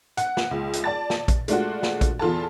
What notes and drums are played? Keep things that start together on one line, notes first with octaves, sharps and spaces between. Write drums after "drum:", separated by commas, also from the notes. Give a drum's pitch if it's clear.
F#5, drum: hi-hat
drum: snare
C#2
drum: hi-hat
D5 A5 A6
drum: snare
drum: kick A#1, hi-hat
G#3 A3 D4 F4 F#4, drum: hi-hat
drum: snare
drum: kick A#1, hi-hat
E2 F4 A4 A5